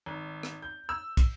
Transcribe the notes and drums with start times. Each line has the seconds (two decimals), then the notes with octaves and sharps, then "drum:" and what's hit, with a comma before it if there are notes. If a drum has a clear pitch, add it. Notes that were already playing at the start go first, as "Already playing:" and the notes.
0.06 G#1
0.43 drum: rim click
0.62 G6
0.89 E6
1.17 drum: kick, cymbal